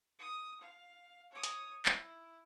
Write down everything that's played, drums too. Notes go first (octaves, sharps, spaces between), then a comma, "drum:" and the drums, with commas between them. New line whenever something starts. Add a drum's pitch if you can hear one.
D#6
F5
C#5 D#6
drum: hi-hat
E4, drum: clap